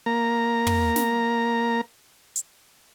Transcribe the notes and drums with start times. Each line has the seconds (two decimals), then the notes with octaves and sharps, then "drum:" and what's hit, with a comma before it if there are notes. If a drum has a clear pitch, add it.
0.06 A#3 A#5
0.67 drum: tom
0.96 drum: snare
2.36 drum: hi-hat